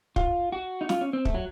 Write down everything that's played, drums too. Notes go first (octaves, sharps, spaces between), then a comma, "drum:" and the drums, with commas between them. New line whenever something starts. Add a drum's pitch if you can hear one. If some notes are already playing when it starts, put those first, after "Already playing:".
F4, drum: kick
F#4
D#4
F4, drum: snare
C#4
C4
A3, drum: kick
F#3